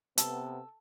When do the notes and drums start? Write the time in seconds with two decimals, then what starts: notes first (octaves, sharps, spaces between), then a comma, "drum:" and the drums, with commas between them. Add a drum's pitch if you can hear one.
0.18 C3 B3 A4, drum: hi-hat